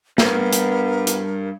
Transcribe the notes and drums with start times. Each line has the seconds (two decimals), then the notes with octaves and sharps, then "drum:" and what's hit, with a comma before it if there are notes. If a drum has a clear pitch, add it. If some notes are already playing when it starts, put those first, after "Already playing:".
0.18 G2 B3 A#4, drum: snare
0.53 drum: hi-hat
1.07 drum: hi-hat